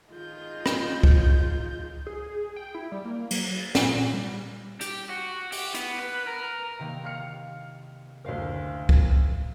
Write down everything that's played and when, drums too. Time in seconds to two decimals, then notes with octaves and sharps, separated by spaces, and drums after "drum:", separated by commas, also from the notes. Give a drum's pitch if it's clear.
0.11 D#3 F4 G#4 D#5 G6
0.66 drum: rim click
1.03 drum: kick C#2
2.07 G#4
2.56 G5
2.75 E4
2.92 G3
3.04 A#3
3.31 F#3, drum: cymbal
3.56 A6
3.75 A#2, drum: snare
4.14 G3
4.81 G4, drum: hi-hat
5.09 F#4
5.52 G4, drum: open hi-hat
5.74 B3, drum: hi-hat
5.99 B4
6.27 A#4
6.79 C3 D#3 A#3
7.04 F5 F6 C#7
8.24 F#1 D2 A#4 F5
8.89 drum: kick C#2